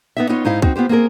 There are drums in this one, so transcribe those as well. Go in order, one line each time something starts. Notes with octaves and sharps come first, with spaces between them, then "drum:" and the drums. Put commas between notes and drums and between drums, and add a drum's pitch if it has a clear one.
B3 D#4 E5
B3 D#4 F4 C#5
G#2 D#4 E4 F5
C4 D#4 F#4, drum: kick
B3 F4 G4 C5
A#3 C4 G#4 A#4